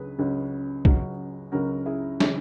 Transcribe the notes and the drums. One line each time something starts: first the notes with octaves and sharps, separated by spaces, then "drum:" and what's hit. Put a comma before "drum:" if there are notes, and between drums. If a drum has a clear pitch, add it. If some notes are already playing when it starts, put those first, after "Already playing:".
Already playing: C#2 C#3 F#3 C#4 G#4 B4
C#2 C#3 F#3 C#4
C#2 C#3 F#3 C#4, drum: kick
C#2 C#3 F#3 C#4 F#4 A#4
E4 G#4
C#3 E3, drum: snare